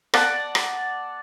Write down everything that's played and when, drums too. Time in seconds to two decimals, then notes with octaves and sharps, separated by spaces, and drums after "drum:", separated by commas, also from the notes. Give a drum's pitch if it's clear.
0.14 D5 F#5 A5, drum: rim click
0.55 drum: rim click